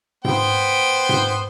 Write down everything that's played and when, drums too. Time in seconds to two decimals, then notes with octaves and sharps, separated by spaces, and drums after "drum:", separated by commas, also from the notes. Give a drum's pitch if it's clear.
0.25 B3 C5 G5, drum: tom G#2
1.09 drum: tom G#2